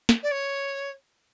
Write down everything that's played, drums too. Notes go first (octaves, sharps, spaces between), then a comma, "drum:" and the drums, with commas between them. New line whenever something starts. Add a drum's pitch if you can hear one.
drum: snare
D5
C#5